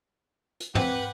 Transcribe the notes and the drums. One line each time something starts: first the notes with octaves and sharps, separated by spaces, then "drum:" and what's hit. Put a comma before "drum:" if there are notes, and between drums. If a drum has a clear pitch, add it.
drum: hi-hat
C4 G4 B4 F#5 G#5, drum: tom